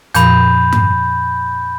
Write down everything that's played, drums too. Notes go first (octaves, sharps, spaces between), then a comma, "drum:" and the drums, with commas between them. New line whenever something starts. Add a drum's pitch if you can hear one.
F2 A#2 F3 B5 G6, drum: hi-hat
drum: tom G2